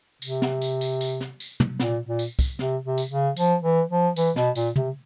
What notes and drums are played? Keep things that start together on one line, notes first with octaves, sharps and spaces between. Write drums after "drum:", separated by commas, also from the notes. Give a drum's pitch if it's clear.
C3, drum: tambourine
drum: snare
drum: tambourine
drum: tambourine
drum: tambourine
drum: snare
drum: tambourine
drum: tom
A#2, drum: snare
A#2
drum: tambourine
drum: kick, tambourine
C3, drum: snare
C3
drum: tambourine
C#3
F3, drum: tambourine
E3
F3
E3, drum: tambourine
B2, drum: snare
A#2, drum: tambourine
C3, drum: tom